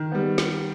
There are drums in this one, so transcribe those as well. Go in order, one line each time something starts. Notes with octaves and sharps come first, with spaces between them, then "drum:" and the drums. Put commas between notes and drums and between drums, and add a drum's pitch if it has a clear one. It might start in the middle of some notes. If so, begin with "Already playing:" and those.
Already playing: D#3
G3 B3
drum: snare